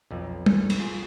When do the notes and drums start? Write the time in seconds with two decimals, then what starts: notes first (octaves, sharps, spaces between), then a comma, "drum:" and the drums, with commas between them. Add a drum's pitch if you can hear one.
0.11 B1 F2
0.46 drum: tom
0.70 drum: cymbal
0.79 F4 G#4